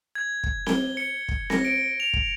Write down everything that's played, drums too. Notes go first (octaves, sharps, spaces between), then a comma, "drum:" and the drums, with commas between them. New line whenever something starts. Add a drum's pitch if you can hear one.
G#6
drum: kick
G7, drum: snare C4
C#7
drum: kick
A#6, drum: snare C4
D7
F7
drum: kick